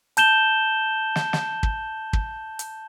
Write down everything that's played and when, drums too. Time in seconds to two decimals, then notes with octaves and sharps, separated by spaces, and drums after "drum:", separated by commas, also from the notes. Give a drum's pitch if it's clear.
0.17 A5 G6 E7 G7, drum: hi-hat
1.16 drum: snare
1.33 drum: snare
1.63 drum: kick
2.13 drum: kick
2.59 drum: hi-hat